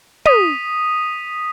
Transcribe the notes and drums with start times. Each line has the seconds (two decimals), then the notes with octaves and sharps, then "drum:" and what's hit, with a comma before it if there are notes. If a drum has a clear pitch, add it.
0.25 D#6 B6 D#7, drum: tom